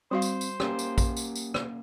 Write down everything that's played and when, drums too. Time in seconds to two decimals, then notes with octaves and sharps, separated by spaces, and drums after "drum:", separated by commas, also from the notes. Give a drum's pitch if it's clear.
0.11 G3 C4 F#4 C5 F5
0.22 drum: tambourine
0.41 drum: tambourine
0.60 A#3 B3 C#4 G4, drum: rim click
0.79 drum: tambourine
0.98 drum: kick A#1, tambourine
1.17 drum: tambourine
1.35 drum: tambourine
1.54 drum: rim click